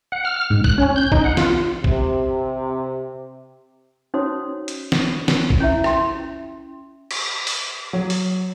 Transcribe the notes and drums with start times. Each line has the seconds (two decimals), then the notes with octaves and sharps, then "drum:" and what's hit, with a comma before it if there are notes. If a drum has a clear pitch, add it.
0.12 F#5
0.25 F6
0.36 F6
0.50 G#2
0.64 F#6, drum: kick A#1
0.78 C#4
0.96 G6
1.12 D#4, drum: kick A#1
1.24 F#5
1.37 F4, drum: snare
1.84 C3, drum: kick A#1
4.14 C#4 D#4 F#4 C5 C#5 D#6
4.68 drum: hi-hat
4.92 drum: snare
5.28 drum: snare
5.50 drum: kick A#1
5.60 C#4 E4 E5
5.84 G5 C6, drum: rim click
7.11 drum: cymbal
7.47 drum: open hi-hat
7.93 F#3
8.10 drum: open hi-hat